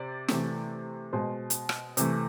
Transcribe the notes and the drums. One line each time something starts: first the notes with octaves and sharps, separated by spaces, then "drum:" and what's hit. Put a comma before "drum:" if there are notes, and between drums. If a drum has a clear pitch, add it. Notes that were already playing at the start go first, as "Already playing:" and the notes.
Already playing: C3 D5
C3 E3 A3, drum: snare
B2 G#3 C5
drum: hi-hat
drum: rim click
C3 E3 A3, drum: hi-hat